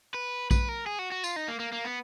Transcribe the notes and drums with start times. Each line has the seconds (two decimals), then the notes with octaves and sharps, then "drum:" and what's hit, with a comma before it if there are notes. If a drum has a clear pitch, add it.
0.14 B4
0.51 B4, drum: kick A#1, tambourine
0.69 A#4
0.86 G#4
0.99 F#4
1.12 F#4
1.24 F4, drum: tambourine
1.36 D#4
1.48 A#3
1.60 A#3
1.72 A#3
1.85 B3